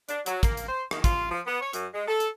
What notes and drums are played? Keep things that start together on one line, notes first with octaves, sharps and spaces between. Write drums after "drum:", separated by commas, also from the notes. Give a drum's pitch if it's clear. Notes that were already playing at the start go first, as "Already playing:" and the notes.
D4, drum: hi-hat
F#3, drum: hi-hat
A#3, drum: kick, hi-hat
drum: hi-hat
C5
D#3, drum: rim click
F4, drum: kick, hi-hat
F3
B3
C#5
F#2, drum: hi-hat
G#3
A4
drum: hi-hat